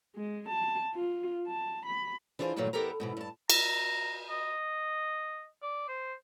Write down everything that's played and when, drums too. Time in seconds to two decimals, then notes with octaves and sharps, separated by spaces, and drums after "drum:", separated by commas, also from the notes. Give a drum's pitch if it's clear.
0.16 G#3
0.49 A5
0.95 F4
1.48 A5
1.86 B5
2.39 E3 D4 F4 G#4 C5
2.56 G2 A#2 D#3 E3 F#3 A3
2.73 E2 B3 G4 A4 A#4 A#5
3.00 G#2 B2 E3
3.17 G2 A5
3.50 A#5, drum: cymbal
4.30 D#5
5.62 D5
5.88 C5